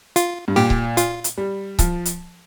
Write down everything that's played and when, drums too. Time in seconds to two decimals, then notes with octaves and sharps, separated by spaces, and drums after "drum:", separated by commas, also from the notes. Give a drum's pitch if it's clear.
0.16 F4, drum: hi-hat
0.48 G2
0.56 A#2 G4
0.70 drum: kick C#1
0.97 F4, drum: hi-hat
1.24 drum: hi-hat
1.37 G3
1.79 F3, drum: kick C#1, hi-hat
2.05 drum: hi-hat